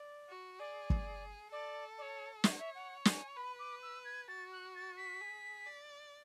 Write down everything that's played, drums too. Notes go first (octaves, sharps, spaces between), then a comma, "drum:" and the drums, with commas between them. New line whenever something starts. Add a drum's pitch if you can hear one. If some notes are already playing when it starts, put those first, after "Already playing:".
Already playing: D5
F#4
G#4 D5
drum: kick
A4 D5
D5
C#5
C#5 E5, drum: snare
F#5
E5
F#5
G#5, drum: snare
B4 B5
D6
E6
G#6
F#4 A6
F#6
A6
B6
G#4
D5